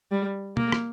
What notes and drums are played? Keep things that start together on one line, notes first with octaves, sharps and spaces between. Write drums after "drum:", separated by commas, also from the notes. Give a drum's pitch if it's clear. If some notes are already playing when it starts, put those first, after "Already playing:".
G3
A#3, drum: tom B2
drum: rim click